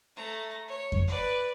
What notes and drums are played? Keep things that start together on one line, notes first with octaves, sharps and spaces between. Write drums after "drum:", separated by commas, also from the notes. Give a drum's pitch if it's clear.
A3 A#5
C#5
drum: kick F2
B4 D5